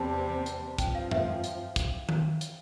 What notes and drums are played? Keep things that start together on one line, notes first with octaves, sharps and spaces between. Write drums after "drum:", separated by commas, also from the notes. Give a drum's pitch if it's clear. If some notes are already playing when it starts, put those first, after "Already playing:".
Already playing: E2 C3 G3 C4 A5
drum: hi-hat
G2 F3 C4 G5, drum: kick, hi-hat
F5
E5, drum: tom F#2
drum: hi-hat
drum: kick, hi-hat
drum: tom D#3
drum: hi-hat